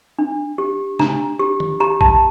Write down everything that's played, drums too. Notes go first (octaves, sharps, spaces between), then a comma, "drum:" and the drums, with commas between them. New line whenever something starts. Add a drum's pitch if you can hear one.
D4
G4
D4 A#5, drum: snare
G4
drum: tom D#3
G4 A#5
A5, drum: kick A#1